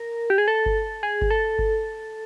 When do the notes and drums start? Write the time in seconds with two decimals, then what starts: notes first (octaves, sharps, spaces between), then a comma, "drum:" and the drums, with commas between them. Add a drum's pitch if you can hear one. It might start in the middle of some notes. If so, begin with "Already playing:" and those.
Already playing: A#4
0.30 G4
0.38 G#4
0.48 A4
0.66 drum: kick G1
1.03 G#4
1.22 drum: kick G1
1.31 A4
1.59 drum: kick G1